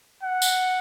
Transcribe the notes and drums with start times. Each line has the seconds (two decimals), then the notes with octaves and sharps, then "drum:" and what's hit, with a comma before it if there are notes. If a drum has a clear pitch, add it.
0.23 F#5
0.42 drum: tambourine